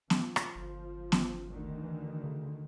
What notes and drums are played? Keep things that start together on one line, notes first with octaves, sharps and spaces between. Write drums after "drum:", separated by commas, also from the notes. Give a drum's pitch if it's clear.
F3, drum: snare
drum: rim click
G1
drum: snare
D2 D3 D#3
E3
C#3